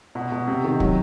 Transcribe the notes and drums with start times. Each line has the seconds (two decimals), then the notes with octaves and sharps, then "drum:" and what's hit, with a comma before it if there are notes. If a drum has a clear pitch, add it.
0.15 B2
0.32 B2
0.47 C3
0.64 D#3
0.80 F#3, drum: kick